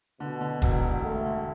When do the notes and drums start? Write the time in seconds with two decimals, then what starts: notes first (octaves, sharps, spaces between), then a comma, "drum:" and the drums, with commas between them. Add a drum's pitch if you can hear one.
0.20 B2 D3
0.41 D3
0.62 E1, drum: kick, hi-hat
0.83 E1
1.03 E1 A3
1.25 D3